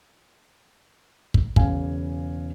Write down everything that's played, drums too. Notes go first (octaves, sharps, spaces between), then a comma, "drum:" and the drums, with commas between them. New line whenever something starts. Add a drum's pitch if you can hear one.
drum: kick
E1 C#3 F5 G#5, drum: kick